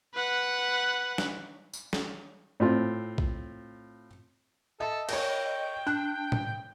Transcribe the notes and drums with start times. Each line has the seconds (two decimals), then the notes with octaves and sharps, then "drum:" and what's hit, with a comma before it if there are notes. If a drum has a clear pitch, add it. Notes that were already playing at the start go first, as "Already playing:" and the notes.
0.15 B4 F#5
1.18 drum: snare
1.73 drum: tambourine
1.93 drum: snare
2.60 A2 C4 F4
3.18 drum: kick A#1
4.80 A4 D#5 E5 A5
5.09 A#4 C#5 D#5 G5, drum: cymbal
5.87 D4 F#6
6.32 drum: tom A2